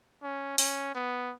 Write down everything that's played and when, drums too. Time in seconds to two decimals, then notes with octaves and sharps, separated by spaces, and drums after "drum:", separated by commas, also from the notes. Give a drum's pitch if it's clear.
0.23 C#4
0.58 C#4, drum: open hi-hat
0.95 B3